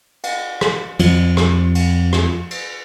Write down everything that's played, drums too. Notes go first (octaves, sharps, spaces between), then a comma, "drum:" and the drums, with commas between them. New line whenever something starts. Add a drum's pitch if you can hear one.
drum: cymbal
drum: rim click
F2 F3, drum: cymbal
drum: rim click
drum: cymbal
drum: rim click
drum: cymbal